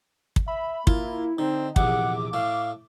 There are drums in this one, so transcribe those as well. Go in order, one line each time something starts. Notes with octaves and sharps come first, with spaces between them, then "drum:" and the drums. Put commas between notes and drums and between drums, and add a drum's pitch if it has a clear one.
drum: kick
E5 B5
A#3 E4 F4, drum: kick
D3 C4 D#4
A#1 E2 C3 F#5 D6, drum: kick
A2 A3 F5